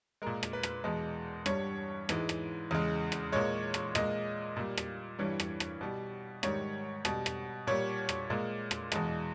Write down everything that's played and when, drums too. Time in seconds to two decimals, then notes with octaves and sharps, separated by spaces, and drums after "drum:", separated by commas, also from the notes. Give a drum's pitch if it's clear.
0.22 A#2 G#3 A#4
0.43 drum: rim click
0.53 B4
0.63 drum: rim click
0.84 E2 B2 G#3
1.46 G2 G3 C#5, drum: rim click
2.09 G#2 E3 G#3, drum: rim click
2.29 drum: rim click
2.71 E2 C#3 G#3
3.12 drum: rim click
3.32 A#2 G#3 C#5
3.74 drum: rim click
3.95 A#2 G#3 D#5, drum: rim click
4.57 A#2 G3
4.77 drum: rim click
5.19 G2 E3 G3 C#5
5.40 drum: rim click
5.60 drum: rim click
5.81 B2 G3
6.43 G#2 D#3 G3 C#5, drum: rim click
7.05 B2 G3, drum: rim click
7.26 drum: rim click
7.67 A#2 G3 C#5
8.09 drum: rim click
8.30 A#2 G#3
8.71 drum: rim click
8.92 E2 B2 G#3, drum: rim click